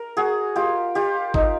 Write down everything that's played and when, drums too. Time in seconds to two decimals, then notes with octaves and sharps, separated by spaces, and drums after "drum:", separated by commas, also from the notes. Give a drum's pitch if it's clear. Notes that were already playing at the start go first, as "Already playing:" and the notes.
Already playing: A#4
0.17 F#4 G#4
0.56 F4 G4
0.95 F4 G4
1.34 D#4, drum: kick